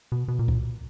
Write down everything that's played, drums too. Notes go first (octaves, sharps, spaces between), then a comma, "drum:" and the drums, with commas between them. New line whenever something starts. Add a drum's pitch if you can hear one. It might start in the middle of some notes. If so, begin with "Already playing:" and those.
B2
B2
A#2
drum: kick C2